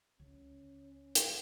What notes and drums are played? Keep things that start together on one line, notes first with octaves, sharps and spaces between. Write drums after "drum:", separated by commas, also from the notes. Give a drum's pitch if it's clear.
C#2 C#4
drum: hi-hat